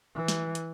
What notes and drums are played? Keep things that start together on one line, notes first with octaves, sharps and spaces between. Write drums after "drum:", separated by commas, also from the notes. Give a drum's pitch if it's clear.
E3
drum: snare
drum: hi-hat